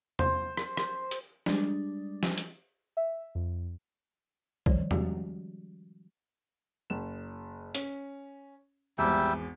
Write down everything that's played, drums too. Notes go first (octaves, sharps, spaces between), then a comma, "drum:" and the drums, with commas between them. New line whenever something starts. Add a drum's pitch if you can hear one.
C5, drum: tom E2
drum: rim click
drum: rim click
drum: hi-hat
G3 G#3 D4, drum: snare
drum: snare
drum: hi-hat
E5
F2
D#3 F3 G3 C5 C#5, drum: kick
F3 G3 G#3 C#4 F#4 G4, drum: tom E2
F#1 E7
C#4, drum: hi-hat
G#1 E2 G3 E5 G5